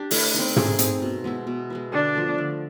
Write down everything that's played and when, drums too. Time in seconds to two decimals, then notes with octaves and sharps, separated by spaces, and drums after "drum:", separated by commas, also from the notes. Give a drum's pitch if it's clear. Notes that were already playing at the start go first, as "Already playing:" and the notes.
Already playing: D4 G4
0.11 A3 E4, drum: open hi-hat
0.34 C4 D#4
0.56 A3 G#4, drum: tom
0.79 C4 D#4, drum: hi-hat
1.02 B2
1.24 G#3 B3 E4
1.47 B2
1.70 G#3 B3 E4
1.92 D3 D4
2.15 F3 A3
2.38 D3